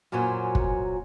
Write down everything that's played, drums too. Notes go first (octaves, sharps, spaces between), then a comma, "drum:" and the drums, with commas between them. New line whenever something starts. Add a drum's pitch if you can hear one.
F#2 A#2 F#3 C#4 F#4 C5
drum: kick